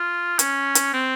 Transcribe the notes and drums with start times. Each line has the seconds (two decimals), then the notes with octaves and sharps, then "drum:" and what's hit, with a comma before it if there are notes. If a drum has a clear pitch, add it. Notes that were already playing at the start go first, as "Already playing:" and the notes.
Already playing: F4
0.39 C#4, drum: hi-hat
0.75 drum: hi-hat
0.94 C4